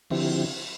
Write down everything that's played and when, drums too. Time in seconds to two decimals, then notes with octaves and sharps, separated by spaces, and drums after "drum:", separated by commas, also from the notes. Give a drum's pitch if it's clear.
0.10 D3 F3 C4 E4 G4, drum: cymbal